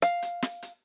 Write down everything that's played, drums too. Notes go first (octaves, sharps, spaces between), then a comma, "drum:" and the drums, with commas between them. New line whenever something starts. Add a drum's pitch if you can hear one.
F5, drum: hi-hat
drum: hi-hat
drum: snare
drum: hi-hat